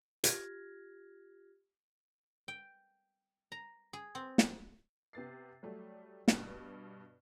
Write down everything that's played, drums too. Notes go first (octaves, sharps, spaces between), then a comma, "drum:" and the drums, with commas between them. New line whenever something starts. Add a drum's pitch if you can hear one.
F4 G4 F6 G#6 A#6, drum: hi-hat
G5
A#5
G#4
C4
drum: snare
C3 B3 A6 C7
F#3 G3 A3
G2 B2, drum: snare